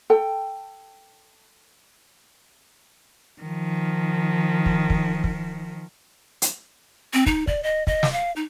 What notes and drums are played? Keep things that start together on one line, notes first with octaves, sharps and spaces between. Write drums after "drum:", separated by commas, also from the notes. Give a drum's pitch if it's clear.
A4 G5
D#3 F3
drum: kick
drum: kick
drum: kick
drum: hi-hat
C4
D#4, drum: kick
D5, drum: kick
D#5
D#5, drum: kick
drum: snare
F5
D#4